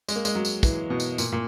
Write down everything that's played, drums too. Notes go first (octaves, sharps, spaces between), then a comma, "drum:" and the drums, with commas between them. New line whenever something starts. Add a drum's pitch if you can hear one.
G#3, drum: tambourine
A#3
G#3, drum: tambourine
F#3
drum: tambourine
E3, drum: kick, tambourine
B2
drum: tambourine
A#2, drum: tambourine
A#2